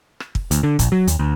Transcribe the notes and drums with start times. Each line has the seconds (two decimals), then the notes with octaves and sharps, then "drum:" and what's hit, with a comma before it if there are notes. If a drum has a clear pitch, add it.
0.20 drum: rim click
0.35 drum: kick
0.51 D2, drum: hi-hat
0.63 D3
0.79 A#1, drum: kick, hi-hat
0.92 F#3
1.07 D#2, drum: hi-hat
1.19 D2